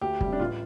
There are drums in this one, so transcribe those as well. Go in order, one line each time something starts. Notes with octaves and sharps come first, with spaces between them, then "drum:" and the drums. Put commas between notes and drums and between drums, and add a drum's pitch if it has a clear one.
D2 G4
G3, drum: kick
C3
D4
A1 F4